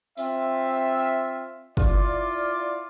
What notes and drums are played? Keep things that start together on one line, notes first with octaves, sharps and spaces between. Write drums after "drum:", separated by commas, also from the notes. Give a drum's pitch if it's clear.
C4 F4 E5, drum: open hi-hat
E4 F4 D5, drum: kick